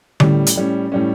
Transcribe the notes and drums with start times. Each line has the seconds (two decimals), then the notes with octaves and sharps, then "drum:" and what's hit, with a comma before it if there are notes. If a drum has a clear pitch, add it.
0.20 A2 G3 C#4, drum: tom D3
0.47 drum: hi-hat
0.56 A2 G3 C#4
0.92 A2 G3 C#4